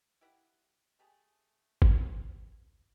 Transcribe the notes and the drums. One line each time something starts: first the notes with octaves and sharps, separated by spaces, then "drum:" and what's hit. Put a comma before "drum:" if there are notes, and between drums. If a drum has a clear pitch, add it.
E4 G4 E5 F#5
A3 G4 G#4 A5
drum: kick G#1